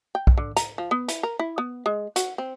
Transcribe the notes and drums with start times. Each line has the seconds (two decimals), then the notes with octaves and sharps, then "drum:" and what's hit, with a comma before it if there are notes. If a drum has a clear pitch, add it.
0.15 G5
0.27 drum: kick B1
0.37 D3
0.56 A#5, drum: hi-hat
0.78 F3
0.91 B3
1.08 E4, drum: hi-hat
1.23 A#4
1.39 E4
1.58 B3
1.86 G#3
2.16 F#4, drum: hi-hat
2.38 C4